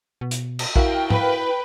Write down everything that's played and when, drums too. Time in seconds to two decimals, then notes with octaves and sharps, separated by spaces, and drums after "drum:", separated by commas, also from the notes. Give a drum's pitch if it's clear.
0.21 B2
0.31 drum: hi-hat
0.59 drum: cymbal
0.76 E4 F#4 A#4 F5 G5, drum: kick A#1
1.10 B4, drum: tom